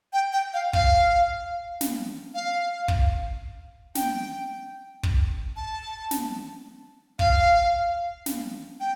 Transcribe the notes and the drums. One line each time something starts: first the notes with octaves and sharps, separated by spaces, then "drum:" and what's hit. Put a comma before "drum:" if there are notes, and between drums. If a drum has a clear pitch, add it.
G5
G5
F5
F5, drum: kick
drum: snare
F5
drum: kick
G5, drum: snare
drum: kick
A5
drum: snare
F5, drum: kick
drum: snare
G5